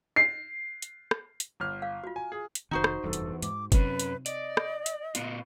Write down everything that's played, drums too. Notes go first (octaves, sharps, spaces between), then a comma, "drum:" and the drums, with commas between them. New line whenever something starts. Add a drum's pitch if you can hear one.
C7
drum: hi-hat
drum: rim click
drum: hi-hat
G1 F6
F5
F4 F#4
G#5
G#4
drum: hi-hat
F1 D#3 D#4 F#4 C5
drum: rim click
F1 E2 G2 A4
drum: hi-hat
G#2 D6, drum: hi-hat
F#2 C3 A3 C4 C#4 B4, drum: kick F#1, hi-hat
drum: hi-hat
D5 D#5, drum: hi-hat
drum: rim click
drum: hi-hat
A#2 B3 F4, drum: hi-hat